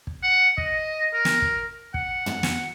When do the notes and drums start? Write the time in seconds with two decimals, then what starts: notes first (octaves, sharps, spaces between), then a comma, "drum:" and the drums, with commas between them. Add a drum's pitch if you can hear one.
0.07 drum: kick
0.23 F#5
0.58 D#5, drum: kick
1.14 A#4
1.25 drum: snare
1.42 drum: kick
1.94 F#5, drum: kick
2.26 drum: tom
2.43 drum: snare